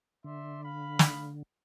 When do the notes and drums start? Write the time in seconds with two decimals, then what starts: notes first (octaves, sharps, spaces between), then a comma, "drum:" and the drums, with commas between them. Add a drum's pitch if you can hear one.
0.24 D3 D5 E5 C6
0.64 F5 B5
0.99 drum: snare